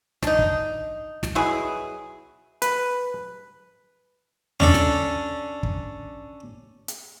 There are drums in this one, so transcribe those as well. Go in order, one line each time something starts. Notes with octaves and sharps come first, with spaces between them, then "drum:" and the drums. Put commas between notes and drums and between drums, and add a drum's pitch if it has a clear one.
D4 D#4, drum: snare
drum: kick
drum: snare
B2 F#3 E4 G#4
B4, drum: hi-hat
C#4 D4 A4, drum: tom D#2
drum: snare
drum: kick
drum: hi-hat